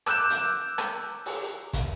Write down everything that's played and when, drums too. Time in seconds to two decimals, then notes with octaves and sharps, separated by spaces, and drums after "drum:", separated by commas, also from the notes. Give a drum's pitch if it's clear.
0.06 D6 E6 F#6 G6 E7, drum: rim click
0.30 drum: hi-hat
0.78 drum: rim click
1.26 drum: open hi-hat
1.73 drum: kick, hi-hat